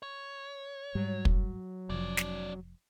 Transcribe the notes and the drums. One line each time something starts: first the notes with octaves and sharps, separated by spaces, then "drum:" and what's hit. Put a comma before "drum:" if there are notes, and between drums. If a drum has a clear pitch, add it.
C#5
G#2 F#3 G3
drum: kick
F1 F3 C#4 D5
drum: snare